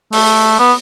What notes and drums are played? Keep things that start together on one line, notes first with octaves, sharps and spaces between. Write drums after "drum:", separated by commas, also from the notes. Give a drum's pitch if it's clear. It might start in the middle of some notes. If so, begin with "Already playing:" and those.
A3, drum: open hi-hat
B3